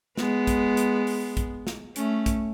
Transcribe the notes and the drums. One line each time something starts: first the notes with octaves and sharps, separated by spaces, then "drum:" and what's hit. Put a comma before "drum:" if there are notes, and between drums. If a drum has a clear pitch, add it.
G#3 B3, drum: snare
drum: kick, hi-hat
drum: hi-hat
drum: open hi-hat
drum: kick, hi-hat
drum: snare
A3 C#4, drum: hi-hat
drum: kick, hi-hat